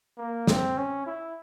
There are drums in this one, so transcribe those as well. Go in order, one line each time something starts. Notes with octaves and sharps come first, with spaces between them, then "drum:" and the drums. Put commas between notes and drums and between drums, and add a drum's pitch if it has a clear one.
A#3
C4, drum: snare
C#4
E4